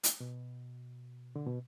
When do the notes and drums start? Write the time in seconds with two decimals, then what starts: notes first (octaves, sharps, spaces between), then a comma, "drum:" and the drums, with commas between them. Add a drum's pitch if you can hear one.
0.04 drum: hi-hat
0.20 B2
1.36 D3
1.46 B2